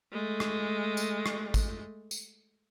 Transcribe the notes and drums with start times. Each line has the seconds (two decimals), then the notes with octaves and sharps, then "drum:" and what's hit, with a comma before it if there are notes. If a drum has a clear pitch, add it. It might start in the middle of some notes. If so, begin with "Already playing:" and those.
0.12 G#3 A3
0.40 drum: rim click
0.97 drum: tambourine
1.26 drum: rim click
1.54 drum: kick, tambourine
2.11 drum: tambourine